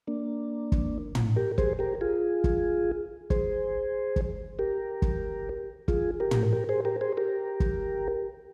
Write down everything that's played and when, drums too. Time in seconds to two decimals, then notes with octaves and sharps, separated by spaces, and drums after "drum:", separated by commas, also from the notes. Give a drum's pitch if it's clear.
0.07 A#3 D4
0.72 drum: kick G1
1.15 drum: tom
1.36 G4 A#4
1.58 G#4 C5, drum: kick G1
1.79 G4 A#4
2.01 F4 G#4
2.44 drum: kick G1
3.30 G#4 C5, drum: kick G1
4.16 drum: kick G1
4.59 G4 A#4
5.02 drum: kick G1
5.88 F4 G#4, drum: kick G1
6.20 G4 A#4
6.31 drum: tom
6.53 G4 A#4
6.69 G#4 C5
6.85 G4 A#4
7.01 G#4 C5
7.17 G4 A#4
7.60 drum: kick G1